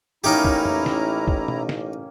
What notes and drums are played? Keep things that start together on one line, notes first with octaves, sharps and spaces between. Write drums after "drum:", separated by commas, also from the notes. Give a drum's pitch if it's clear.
A1 D#3 A#3 C#4 D#4 E4 G4 A#5
drum: kick
drum: tom F2
drum: snare
drum: kick
drum: tom B2
drum: snare